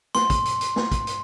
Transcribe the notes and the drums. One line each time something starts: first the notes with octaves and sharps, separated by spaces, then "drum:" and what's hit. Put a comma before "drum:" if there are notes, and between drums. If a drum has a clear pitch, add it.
C6, drum: snare
drum: kick, hi-hat
drum: hi-hat
drum: hi-hat
drum: snare
drum: kick, hi-hat
drum: hi-hat